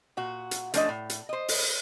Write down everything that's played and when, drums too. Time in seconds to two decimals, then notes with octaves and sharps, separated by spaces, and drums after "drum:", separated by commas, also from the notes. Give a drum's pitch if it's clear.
0.17 A#2 F#4
0.51 drum: hi-hat
0.74 F3 A3 C#4 D4 C#5 D#5, drum: hi-hat
0.89 A2
1.10 drum: hi-hat
1.29 C5 D#5
1.48 drum: open hi-hat